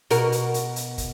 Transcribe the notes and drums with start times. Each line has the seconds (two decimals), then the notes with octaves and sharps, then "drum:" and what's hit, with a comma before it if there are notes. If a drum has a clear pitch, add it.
0.10 B2 F#4 A#4, drum: hi-hat
0.32 drum: hi-hat
0.54 drum: hi-hat
0.76 drum: hi-hat
0.98 drum: kick, hi-hat